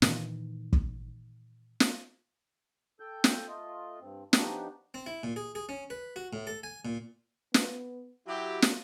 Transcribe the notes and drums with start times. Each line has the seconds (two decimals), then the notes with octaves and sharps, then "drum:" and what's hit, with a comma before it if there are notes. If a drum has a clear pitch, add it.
0.02 A#2 D#3 E3, drum: snare
0.73 drum: kick
1.80 drum: snare
3.00 A4 G5 G6
3.24 drum: snare
3.48 A3 F4 D#5
4.01 G2 C4
4.33 F3 B3 D4 D#4 F#4 G4, drum: snare
4.94 C4
5.06 E4
5.23 A#2
5.36 G#4
5.55 G#4
5.69 C#4
5.90 B4
6.16 F#4
6.33 A2
6.47 A4
6.63 G#5
6.85 A#2
7.54 B3, drum: snare
8.27 F#3 E4 F#4 G4
8.62 drum: snare